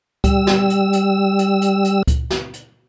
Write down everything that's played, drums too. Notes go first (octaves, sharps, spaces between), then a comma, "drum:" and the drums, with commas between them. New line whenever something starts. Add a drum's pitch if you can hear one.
G3 E6, drum: kick C#2, hi-hat
drum: snare
drum: hi-hat
drum: hi-hat
drum: hi-hat
drum: hi-hat
drum: hi-hat
drum: kick C#2, hi-hat
drum: snare
drum: hi-hat